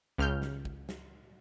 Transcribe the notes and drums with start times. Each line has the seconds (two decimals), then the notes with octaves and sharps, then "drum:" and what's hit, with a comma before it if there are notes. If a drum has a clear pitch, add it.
0.18 C#2 F6 G6
0.42 drum: snare
0.65 drum: kick
0.89 drum: snare